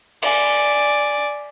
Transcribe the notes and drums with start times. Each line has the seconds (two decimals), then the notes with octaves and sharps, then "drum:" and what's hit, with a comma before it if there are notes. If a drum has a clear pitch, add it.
0.22 D5 G#5, drum: cymbal